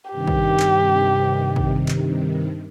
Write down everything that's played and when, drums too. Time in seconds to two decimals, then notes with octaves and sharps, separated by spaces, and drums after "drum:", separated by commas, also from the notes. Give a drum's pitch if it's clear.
0.11 G2 C3 D#3 G4
0.27 drum: kick
0.60 drum: clap
1.56 drum: kick
1.88 drum: clap